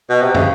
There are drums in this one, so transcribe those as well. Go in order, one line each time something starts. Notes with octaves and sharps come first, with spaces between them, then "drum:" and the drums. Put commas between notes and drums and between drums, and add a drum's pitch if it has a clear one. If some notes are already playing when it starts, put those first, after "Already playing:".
B2
C3
C#3, drum: tom